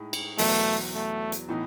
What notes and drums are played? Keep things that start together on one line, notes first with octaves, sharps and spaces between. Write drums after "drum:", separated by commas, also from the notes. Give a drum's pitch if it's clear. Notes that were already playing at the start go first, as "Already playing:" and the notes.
Already playing: A2 G#3 D#4
drum: cymbal
E2 B2 F#3 A3, drum: open hi-hat
A3
drum: hi-hat
A2 E3 B3 D#4